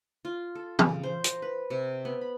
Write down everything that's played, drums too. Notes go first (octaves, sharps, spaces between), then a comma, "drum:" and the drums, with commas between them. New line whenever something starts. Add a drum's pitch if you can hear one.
F4
A4
C#3, drum: tom E3
C5
A#5, drum: hi-hat
B4
C3
B3
B5